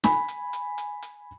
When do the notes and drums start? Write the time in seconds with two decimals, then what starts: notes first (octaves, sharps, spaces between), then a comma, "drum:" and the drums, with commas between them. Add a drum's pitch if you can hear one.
0.04 G#5 B5, drum: snare
0.28 drum: hi-hat
0.53 drum: hi-hat
0.78 drum: hi-hat
1.02 drum: hi-hat